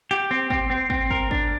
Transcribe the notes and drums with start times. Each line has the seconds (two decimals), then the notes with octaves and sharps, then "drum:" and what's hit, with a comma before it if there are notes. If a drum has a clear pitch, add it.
0.11 G4
0.31 C4
0.50 C4, drum: kick
0.70 C4
0.90 C4, drum: kick
1.11 A#4, drum: kick
1.31 D4, drum: kick